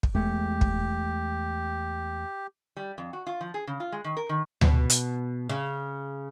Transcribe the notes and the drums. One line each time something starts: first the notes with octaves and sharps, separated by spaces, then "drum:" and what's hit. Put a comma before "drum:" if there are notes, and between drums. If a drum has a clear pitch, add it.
drum: kick
E2 G#3 A3 G4
drum: kick
G3
F2
F#4
F4
F3
G#4
C#3
F4
G#3
D#3
A#4
D#3
B2, drum: tom D2
drum: hi-hat
C#3